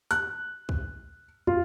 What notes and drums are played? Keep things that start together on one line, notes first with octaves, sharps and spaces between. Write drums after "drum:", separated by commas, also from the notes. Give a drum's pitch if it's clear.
F#6, drum: hi-hat
drum: kick
F4, drum: tom